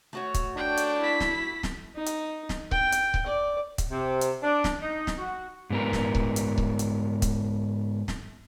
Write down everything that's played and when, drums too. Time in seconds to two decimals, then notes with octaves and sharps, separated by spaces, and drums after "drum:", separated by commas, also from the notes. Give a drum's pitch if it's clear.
0.13 A3 F#4 C#5
0.34 drum: kick C#1, hi-hat
0.57 D4 G5
0.77 drum: hi-hat
1.00 E4 B6
1.20 drum: snare
1.63 drum: snare
1.95 D#4
2.06 drum: hi-hat
2.49 drum: snare
2.71 G5, drum: kick C#1
2.92 drum: hi-hat
3.14 drum: kick C#1
3.26 D5
3.78 drum: kick C#1, hi-hat
3.90 C3
4.21 drum: hi-hat
4.42 D4
4.64 drum: snare
4.81 D#4
5.07 drum: snare
5.18 F#4
5.70 G#2 B3 A#4
5.93 drum: snare
6.15 drum: kick C#1
6.36 drum: hi-hat
6.58 drum: kick C#1
6.79 drum: hi-hat
7.22 drum: kick C#1, hi-hat
8.08 drum: snare